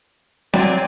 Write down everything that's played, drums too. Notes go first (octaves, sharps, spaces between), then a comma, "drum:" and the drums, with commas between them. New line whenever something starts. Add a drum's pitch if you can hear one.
F#3 C4 D5 G5 G#5, drum: snare C4